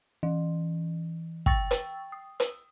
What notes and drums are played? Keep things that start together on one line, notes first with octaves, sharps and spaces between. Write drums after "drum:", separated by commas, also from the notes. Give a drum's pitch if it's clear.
E3
G5 C#6 E6 A6, drum: kick
drum: hi-hat
D#6
drum: hi-hat